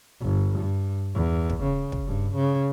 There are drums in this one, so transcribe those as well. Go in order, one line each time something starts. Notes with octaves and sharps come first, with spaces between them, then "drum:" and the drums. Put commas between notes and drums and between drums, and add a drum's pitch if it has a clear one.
G1
G2
E2
drum: kick
C#3
drum: kick
G2
C#3